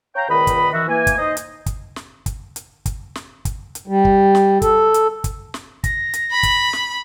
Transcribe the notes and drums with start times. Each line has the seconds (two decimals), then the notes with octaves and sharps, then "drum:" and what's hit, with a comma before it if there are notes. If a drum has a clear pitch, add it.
0.16 C#5 F5 G5 A#5
0.29 C#2 A#2 D#3 B4 D#5 B5
0.47 drum: kick, hi-hat
0.73 D#3 E3 F#4 E5
0.88 E3 A#3 G#5
1.07 drum: kick, hi-hat
1.18 D#4 C5 D#5
1.37 drum: hi-hat
1.66 drum: kick, hi-hat
1.96 drum: snare
2.26 drum: kick, hi-hat
2.56 drum: hi-hat
2.86 drum: kick, hi-hat
3.15 drum: snare
3.45 drum: kick, hi-hat
3.75 drum: hi-hat
3.87 G3
4.05 drum: kick
4.35 drum: snare
4.62 A4, drum: kick, hi-hat
4.94 drum: hi-hat
5.24 drum: kick, hi-hat
5.54 drum: snare
5.84 A#6, drum: kick, hi-hat
6.14 drum: hi-hat
6.31 B5
6.43 drum: kick, hi-hat
6.73 drum: snare